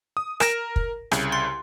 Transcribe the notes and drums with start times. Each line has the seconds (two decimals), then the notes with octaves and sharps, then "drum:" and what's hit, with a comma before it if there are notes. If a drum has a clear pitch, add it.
0.17 D#6
0.40 A#4 A#6 D7 E7, drum: rim click
0.76 drum: kick
1.11 C2 C#3, drum: rim click
1.32 C6 A6